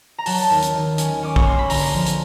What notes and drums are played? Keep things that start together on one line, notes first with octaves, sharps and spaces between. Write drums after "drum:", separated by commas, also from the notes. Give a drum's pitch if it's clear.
A#5
F#3 A5, drum: open hi-hat
D#2
drum: hi-hat
D#3
C#4, drum: hi-hat
C#4 D6
C#6, drum: kick
A#3 C6
B5
D3 A#5, drum: open hi-hat
F3
drum: hi-hat